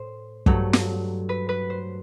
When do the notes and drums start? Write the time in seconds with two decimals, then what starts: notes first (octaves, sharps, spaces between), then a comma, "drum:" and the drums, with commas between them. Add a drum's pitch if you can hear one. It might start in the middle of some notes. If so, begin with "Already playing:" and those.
Already playing: A2 C5
0.46 G2 F#3 A3, drum: kick
0.73 drum: snare
1.29 B4
1.49 B4
1.70 C5